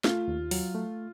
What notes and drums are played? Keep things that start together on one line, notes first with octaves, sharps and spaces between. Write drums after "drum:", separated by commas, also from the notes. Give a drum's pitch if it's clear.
A3 F4, drum: snare
D#2
F#3, drum: open hi-hat
A3